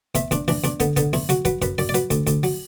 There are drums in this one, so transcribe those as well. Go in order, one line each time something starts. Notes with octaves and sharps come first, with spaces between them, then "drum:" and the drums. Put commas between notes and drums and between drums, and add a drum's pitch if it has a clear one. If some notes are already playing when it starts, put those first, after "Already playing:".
E2 E5, drum: kick, hi-hat
E2 D4, drum: kick, hi-hat
E3 D4, drum: open hi-hat
E2 D4, drum: hi-hat
D3 B3, drum: kick, hi-hat
D3 B3, drum: kick, hi-hat
E2 E4, drum: open hi-hat
F#3 F#4, drum: hi-hat
F#3 B4, drum: kick, hi-hat
F#2 B4, drum: kick, hi-hat
F#2 D5, drum: open hi-hat
D5
F#3 B4, drum: hi-hat
D2, drum: kick, hi-hat
D2, drum: kick, hi-hat
F#3, drum: open hi-hat